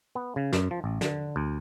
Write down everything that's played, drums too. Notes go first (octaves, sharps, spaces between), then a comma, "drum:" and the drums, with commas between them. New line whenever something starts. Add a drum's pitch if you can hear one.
B3
C#3
F#2, drum: snare
F3
A1
D3, drum: snare
D2